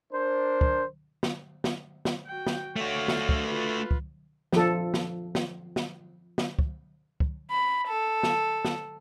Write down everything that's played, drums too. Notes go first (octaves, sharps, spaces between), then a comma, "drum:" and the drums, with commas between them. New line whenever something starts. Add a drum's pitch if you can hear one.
D4 A#4 C5
drum: kick
drum: snare
drum: snare
drum: snare
F#4 G5
drum: snare
A3 F#4 C#5 F5
drum: snare
drum: kick
F4 B4
drum: kick
F3 A4, drum: snare
drum: snare
drum: snare
drum: snare
drum: snare
drum: kick
drum: kick
B5
A4
drum: snare
drum: snare